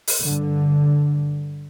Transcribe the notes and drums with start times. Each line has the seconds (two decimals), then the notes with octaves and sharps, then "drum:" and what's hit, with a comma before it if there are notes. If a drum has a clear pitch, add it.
0.07 drum: open hi-hat
0.22 G2 D3